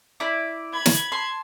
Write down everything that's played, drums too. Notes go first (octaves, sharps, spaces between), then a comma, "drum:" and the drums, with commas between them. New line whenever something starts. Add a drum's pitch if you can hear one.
E4 D5
B5 G#6
drum: snare
A5 C6